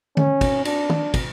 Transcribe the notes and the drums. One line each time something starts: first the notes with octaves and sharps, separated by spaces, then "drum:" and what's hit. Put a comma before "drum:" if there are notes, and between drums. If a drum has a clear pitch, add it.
C#4, drum: tom D3
drum: kick, cymbal
D4, drum: cymbal
drum: tom D#3
drum: kick, cymbal